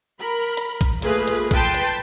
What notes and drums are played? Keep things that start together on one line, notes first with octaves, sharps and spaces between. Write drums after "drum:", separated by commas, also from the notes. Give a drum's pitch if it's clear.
A#4 B5
drum: hi-hat
drum: kick A#1, hi-hat
A3 A#3 F4 G#4 B4, drum: hi-hat
drum: hi-hat
B4 G5 A5 C6, drum: kick A#1, hi-hat
drum: hi-hat